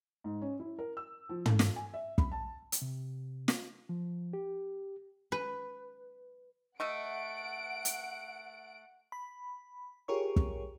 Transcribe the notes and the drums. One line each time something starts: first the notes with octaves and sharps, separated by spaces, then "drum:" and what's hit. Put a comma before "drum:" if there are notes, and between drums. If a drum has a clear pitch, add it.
G#2
C#4
E4
A#4
E6
F3
A4, drum: tom
drum: snare
G#5
E5
B5, drum: kick
A5
drum: hi-hat
C3
drum: snare
F3
G4
B4
A3 D#5 E5 F#5 D7
drum: hi-hat
B5
F4 G4 G#4 A#4 C#5 C#6
drum: kick